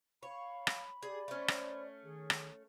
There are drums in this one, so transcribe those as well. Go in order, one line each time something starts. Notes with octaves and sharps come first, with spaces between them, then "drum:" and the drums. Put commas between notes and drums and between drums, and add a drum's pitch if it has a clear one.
C#5 F5 B5
drum: rim click
G4 G#4 D5
A3 C#4 C5
drum: rim click
D#3 G#4
drum: rim click